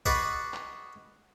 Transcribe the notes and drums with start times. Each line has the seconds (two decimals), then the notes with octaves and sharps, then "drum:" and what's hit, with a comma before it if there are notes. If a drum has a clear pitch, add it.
0.06 F#4 G#4 B4 D5 D#5 F#5, drum: kick C2
0.54 drum: clap